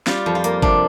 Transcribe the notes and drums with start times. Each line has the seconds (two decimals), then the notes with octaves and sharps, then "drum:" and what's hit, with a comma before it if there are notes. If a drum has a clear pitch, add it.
0.07 G3 F4, drum: snare
0.26 F2
0.35 F4
0.44 A#3, drum: hi-hat
0.62 C3 D4, drum: kick G1